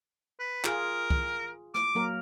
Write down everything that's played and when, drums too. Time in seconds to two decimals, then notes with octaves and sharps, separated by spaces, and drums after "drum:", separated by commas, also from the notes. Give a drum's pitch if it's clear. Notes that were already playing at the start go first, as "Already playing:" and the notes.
0.39 B4
0.64 F4 G#4 A#4, drum: clap
1.10 drum: kick
1.74 D6, drum: rim click
1.95 F#3 A#3 A#4